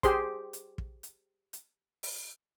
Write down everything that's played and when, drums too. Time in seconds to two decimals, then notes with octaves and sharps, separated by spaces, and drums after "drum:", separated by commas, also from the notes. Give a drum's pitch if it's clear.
0.03 G4 G#4 C5 C6, drum: kick, hi-hat
0.53 drum: hi-hat
0.78 drum: kick
1.03 drum: hi-hat
1.53 drum: hi-hat
2.03 drum: open hi-hat